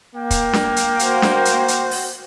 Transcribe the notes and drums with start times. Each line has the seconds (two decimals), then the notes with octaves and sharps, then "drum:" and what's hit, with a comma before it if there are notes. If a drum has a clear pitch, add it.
0.16 A#3 G5
0.30 drum: kick, hi-hat
0.53 drum: snare D4
0.76 drum: hi-hat
0.99 F#4 C5, drum: hi-hat
1.22 drum: snare D4
1.45 drum: hi-hat
1.68 drum: hi-hat
1.91 drum: open hi-hat